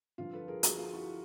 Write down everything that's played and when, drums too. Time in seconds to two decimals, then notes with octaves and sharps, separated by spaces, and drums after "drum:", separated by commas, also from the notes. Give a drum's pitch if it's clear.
0.18 G2 D3 F3 F4
0.33 A4 B4
0.48 G#4 A#4
0.63 F#4 G#4, drum: hi-hat
0.78 F4
0.93 E4 F#4